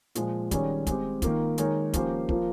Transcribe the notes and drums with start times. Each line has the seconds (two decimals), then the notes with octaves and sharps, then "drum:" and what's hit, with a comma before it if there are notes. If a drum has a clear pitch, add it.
0.15 A#2 F3 G#3, drum: hi-hat
0.51 D#3 G3 C#4 G#4 C#5, drum: kick, hi-hat
0.87 G#3 C4 G4, drum: kick, hi-hat
1.22 D#3 A#3 F4, drum: kick, hi-hat
1.58 D#3 G#3 D#4 A#4 C#5, drum: hi-hat
1.93 F3 A#3 C#4 G4 C5, drum: kick, hi-hat
2.29 F3 A#3 F4, drum: kick